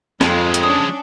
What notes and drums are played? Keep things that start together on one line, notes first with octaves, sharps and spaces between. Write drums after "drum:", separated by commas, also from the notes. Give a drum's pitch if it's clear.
F2 F3 G#3, drum: snare
drum: hi-hat
C#4 D4 D#6